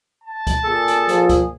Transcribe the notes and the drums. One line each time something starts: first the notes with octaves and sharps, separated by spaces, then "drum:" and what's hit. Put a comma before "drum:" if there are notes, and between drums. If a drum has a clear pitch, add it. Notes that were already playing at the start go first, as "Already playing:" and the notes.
A5
drum: kick C#2, hi-hat
A#2 G#4 A4
drum: hi-hat
F3, drum: hi-hat
drum: kick C#2, hi-hat